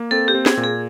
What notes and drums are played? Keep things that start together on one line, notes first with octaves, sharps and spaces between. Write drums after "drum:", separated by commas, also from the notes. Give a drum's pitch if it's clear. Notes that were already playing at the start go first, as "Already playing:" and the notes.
Already playing: A#3
C4 A4
G4
C4
G#4, drum: snare
A#2
G#4